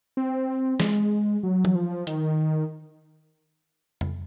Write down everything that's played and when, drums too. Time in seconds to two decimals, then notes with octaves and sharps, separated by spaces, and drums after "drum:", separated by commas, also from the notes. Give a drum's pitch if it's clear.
0.17 C4
0.80 G#3, drum: snare
1.43 F#3
1.65 drum: tom E3
1.75 F3
2.07 D#3, drum: hi-hat
4.01 drum: tom F2